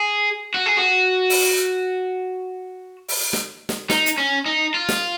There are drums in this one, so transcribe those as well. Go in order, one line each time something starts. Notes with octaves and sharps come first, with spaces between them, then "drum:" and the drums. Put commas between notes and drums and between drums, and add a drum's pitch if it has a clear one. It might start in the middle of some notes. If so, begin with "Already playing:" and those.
Already playing: G#4
F#4
G#4
F#4
drum: open hi-hat
drum: open hi-hat
drum: snare
drum: snare
D#4, drum: snare
drum: hi-hat
C#4
D#4
F4
drum: snare